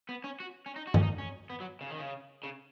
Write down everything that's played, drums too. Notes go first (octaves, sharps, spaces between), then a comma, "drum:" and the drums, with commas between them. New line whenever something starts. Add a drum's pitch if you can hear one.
B3
C#4
F#4
C#4
D#4
F#4
C#4, drum: tom G2
D#4
C#4
B3
F#3
C#3
D#3
C#3
C#3